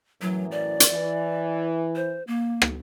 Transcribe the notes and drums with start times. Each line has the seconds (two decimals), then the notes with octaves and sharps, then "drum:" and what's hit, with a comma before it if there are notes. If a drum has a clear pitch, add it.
0.22 F#2 A2 E3 F#3
0.51 D5
0.80 drum: hi-hat
0.91 E3
1.96 C5
2.27 A#3
2.62 drum: rim click